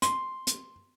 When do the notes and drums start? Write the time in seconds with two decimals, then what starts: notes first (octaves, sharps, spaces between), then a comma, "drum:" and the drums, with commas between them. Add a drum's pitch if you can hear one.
0.02 C6, drum: hi-hat
0.47 drum: hi-hat